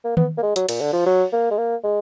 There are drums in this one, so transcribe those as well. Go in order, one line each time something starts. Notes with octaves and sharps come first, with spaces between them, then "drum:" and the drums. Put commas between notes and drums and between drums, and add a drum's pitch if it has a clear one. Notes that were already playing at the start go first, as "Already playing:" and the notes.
A#3
B3, drum: tom D#3
A#3
G#3
F#3, drum: hi-hat
A#2, drum: cymbal
D3
F3
F#3
A#3
G#3
A#3
G#3